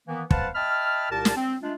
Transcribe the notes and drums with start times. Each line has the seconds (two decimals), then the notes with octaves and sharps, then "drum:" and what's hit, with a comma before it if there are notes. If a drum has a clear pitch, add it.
0.08 D#3 E3 A#3 B3
0.31 B4 C5 F5 F#5 A5, drum: kick
0.55 D#5 E5 G5 A5 B5 F6
1.11 C2 A#2 G4 A#4 A5
1.25 drum: snare
1.36 C4
1.63 G#3 A3 D4 F4